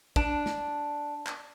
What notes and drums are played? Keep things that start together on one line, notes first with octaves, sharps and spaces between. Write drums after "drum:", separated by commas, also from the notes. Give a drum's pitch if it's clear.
D4, drum: kick
drum: snare
drum: clap